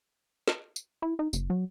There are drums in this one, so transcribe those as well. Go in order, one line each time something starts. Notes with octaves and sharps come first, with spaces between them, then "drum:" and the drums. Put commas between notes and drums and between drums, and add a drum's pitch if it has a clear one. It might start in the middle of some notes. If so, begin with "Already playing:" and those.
drum: snare
drum: tambourine
E4
D#4
F#1, drum: tambourine
F#3